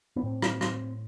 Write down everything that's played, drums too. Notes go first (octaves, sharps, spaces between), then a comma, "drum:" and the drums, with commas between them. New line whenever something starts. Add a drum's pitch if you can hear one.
B3
A2 C4
drum: rim click
drum: rim click